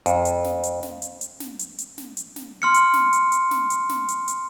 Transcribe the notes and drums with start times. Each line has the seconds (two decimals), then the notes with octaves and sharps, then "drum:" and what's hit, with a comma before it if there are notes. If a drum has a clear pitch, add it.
0.06 F2, drum: hi-hat
0.25 drum: hi-hat
0.44 drum: snare
0.63 drum: hi-hat
0.83 drum: snare
1.02 drum: hi-hat
1.21 drum: hi-hat
1.40 drum: snare
1.59 drum: hi-hat
1.78 drum: hi-hat
1.98 drum: snare
2.17 drum: hi-hat
2.36 drum: snare
2.62 C6 F6 C#7
2.74 drum: hi-hat
2.93 drum: snare
3.13 drum: hi-hat
3.32 drum: hi-hat
3.51 drum: snare
3.70 drum: hi-hat
3.89 drum: snare
4.08 drum: hi-hat
4.28 drum: hi-hat